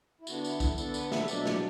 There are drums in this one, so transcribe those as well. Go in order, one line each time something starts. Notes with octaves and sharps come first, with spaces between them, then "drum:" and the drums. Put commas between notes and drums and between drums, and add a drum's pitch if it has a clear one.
E4
D3 B3 D4 F#4, drum: tambourine
E4, drum: tambourine
E4, drum: kick, tambourine
D3 B3 D4 A4, drum: tambourine
B4, drum: tambourine
E5, drum: snare
B2 F#3 D4 D5, drum: tambourine
E5
D5, drum: snare